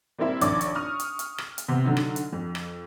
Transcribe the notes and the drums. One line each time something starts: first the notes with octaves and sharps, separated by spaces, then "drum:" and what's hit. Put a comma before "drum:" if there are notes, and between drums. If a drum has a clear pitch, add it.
G3 A#3 C4 E4 E5
A#1 D#2 C#5 D5 C#6 D6, drum: hi-hat
drum: hi-hat
C#6 D#6 F6
drum: hi-hat
drum: hi-hat
drum: rim click
drum: hi-hat
C3 B3
D3 F#3 D#4
drum: rim click
drum: hi-hat
F2
drum: rim click